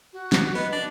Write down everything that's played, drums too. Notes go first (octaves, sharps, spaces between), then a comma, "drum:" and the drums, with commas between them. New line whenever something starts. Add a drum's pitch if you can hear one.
F#4
drum: snare
B3 D#5
D4